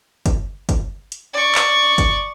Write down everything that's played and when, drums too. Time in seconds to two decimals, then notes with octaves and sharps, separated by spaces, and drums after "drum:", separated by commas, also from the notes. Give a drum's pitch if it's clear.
0.26 drum: kick, hi-hat
0.69 drum: kick, hi-hat
1.12 drum: hi-hat
1.33 D5 C#6
1.55 drum: clap
1.98 drum: kick, hi-hat